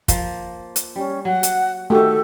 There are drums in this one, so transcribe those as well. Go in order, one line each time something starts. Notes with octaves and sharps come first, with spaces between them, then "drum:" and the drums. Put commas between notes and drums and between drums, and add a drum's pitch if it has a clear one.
F3 A#3, drum: kick, hi-hat
drum: hi-hat
G3 C#4
F#3 F#5
drum: hi-hat
D#3 A3 F#4 G4 A4